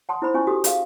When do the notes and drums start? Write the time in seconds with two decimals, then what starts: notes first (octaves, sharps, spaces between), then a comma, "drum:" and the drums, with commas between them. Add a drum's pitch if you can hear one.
0.09 F#5 A5 C6 D#6
0.22 E4 C5 B5
0.34 C#4 E4 F4 G#5 C#6
0.47 F#4 G4 A4 D#6
0.64 G#4 F5, drum: hi-hat